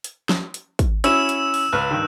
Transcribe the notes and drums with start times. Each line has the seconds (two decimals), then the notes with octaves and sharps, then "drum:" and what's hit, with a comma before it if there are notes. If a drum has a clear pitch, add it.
0.04 drum: hi-hat
0.29 drum: snare
0.54 drum: hi-hat
0.79 drum: kick, hi-hat
1.04 C#4 E4 F#4 E6 E7, drum: hi-hat
1.29 drum: hi-hat
1.54 drum: open hi-hat
1.73 C#2 B4 F6 F#6
1.91 G2 D#3